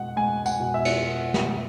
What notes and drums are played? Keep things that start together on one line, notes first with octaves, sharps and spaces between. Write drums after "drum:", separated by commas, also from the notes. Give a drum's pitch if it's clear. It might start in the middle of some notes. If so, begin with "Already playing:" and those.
Already playing: B2 G#3 F#5
G#3 G#5
F#5, drum: tambourine
B2
E5
drum: cymbal
drum: snare